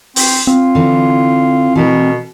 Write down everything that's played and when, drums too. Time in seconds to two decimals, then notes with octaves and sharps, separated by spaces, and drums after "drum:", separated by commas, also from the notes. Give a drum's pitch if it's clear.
0.16 C4, drum: open hi-hat
0.47 C4 F4
0.75 D3 E3
1.75 B2 E3 A3 A#4